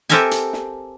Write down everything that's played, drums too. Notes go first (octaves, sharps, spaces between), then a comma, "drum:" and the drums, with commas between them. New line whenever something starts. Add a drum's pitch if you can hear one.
C4 G4 A4 A#4 E5 G#5, drum: hi-hat
drum: hi-hat
drum: snare